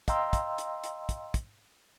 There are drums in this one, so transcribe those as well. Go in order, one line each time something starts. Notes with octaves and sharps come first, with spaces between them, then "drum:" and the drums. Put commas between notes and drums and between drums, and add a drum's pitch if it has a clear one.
D#5 F5 G5 A#5 C6 E6, drum: kick, hi-hat
drum: kick, hi-hat
drum: hi-hat
drum: hi-hat
drum: kick, hi-hat
drum: kick, hi-hat